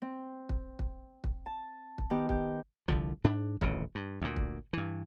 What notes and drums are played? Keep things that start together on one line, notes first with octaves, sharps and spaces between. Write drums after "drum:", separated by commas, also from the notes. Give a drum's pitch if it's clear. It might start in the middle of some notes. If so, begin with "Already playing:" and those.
C4
drum: kick
drum: kick
drum: kick
A5
drum: kick
D#3 B3 G4
G4 G6, drum: kick
C2 D3 F3, drum: kick
G#2 D4
D#1 A1 F2 C#3, drum: kick
G2
D2 A#2
drum: kick
G2 E3